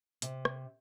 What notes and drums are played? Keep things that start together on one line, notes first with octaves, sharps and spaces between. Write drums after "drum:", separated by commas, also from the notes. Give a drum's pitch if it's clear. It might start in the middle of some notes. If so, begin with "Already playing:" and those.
C3, drum: hi-hat
drum: rim click